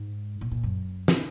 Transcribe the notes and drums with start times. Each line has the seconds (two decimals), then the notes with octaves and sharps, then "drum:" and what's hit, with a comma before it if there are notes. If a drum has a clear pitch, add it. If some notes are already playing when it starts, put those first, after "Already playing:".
Already playing: G#2
0.41 A#2
0.51 A#2
0.63 F#2
1.08 drum: snare